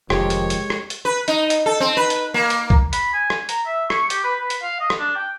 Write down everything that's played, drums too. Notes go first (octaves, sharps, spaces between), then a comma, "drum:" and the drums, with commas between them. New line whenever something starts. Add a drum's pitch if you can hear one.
F1 F2 D#3 G#3 G4 C#5, drum: rim click
drum: hi-hat
drum: hi-hat
drum: rim click
drum: hi-hat
B4
D#4, drum: hi-hat
drum: hi-hat
A4
C4
B4
drum: hi-hat
A#3
drum: hi-hat
drum: kick B1
B5, drum: hi-hat
G#5
drum: rim click
A#5, drum: hi-hat
E5
C#6, drum: rim click
G4, drum: hi-hat
B4
B4
drum: hi-hat
F5
D#5
drum: rim click
D4
G5